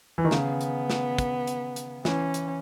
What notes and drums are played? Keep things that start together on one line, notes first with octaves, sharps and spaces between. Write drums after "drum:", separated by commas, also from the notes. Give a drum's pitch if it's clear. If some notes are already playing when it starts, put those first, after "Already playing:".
E3
D#3
C#3 B3, drum: snare
drum: hi-hat
drum: snare
drum: kick, hi-hat
drum: hi-hat
drum: hi-hat
E3 C#4, drum: snare
drum: hi-hat